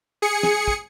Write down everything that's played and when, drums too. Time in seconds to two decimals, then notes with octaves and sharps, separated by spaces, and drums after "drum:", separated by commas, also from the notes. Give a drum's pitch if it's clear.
0.22 G#4 C#7
0.43 drum: snare
0.68 drum: kick